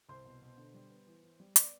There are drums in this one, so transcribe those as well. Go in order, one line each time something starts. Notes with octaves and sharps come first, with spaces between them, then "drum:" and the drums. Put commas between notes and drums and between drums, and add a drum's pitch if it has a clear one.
C2 C5 C6
B2
B2
D3
G3
B3
E3
E3
G3
B3 D5 D6, drum: hi-hat